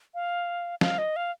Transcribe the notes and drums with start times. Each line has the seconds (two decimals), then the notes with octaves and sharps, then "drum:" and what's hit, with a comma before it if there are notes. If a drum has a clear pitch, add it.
0.15 F5
0.81 F5, drum: snare
0.98 D#5
1.16 F5